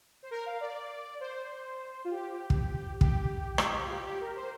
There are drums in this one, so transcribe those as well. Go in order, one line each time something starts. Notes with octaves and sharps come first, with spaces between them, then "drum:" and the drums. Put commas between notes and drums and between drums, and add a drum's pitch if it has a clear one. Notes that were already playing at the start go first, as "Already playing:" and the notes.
C5
A#4
F5
D5
C5
F4
G4
drum: kick
G4, drum: kick
drum: rim click
F4
G4
G4
A#4
C5